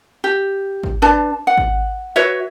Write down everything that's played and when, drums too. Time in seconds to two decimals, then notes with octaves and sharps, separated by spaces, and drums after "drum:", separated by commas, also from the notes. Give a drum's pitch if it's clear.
0.24 G4
0.83 drum: kick G#1
1.02 D4 B4 A5
1.47 F#5
1.58 drum: kick G#1
2.16 F#4 B4 C#5 E5